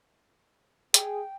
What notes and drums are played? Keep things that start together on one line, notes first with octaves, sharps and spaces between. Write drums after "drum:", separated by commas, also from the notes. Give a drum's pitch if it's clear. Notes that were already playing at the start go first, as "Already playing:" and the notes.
G#4 G5, drum: hi-hat